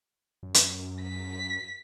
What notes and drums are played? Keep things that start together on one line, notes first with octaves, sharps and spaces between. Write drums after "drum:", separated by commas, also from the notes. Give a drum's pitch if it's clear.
F#2
drum: hi-hat
B6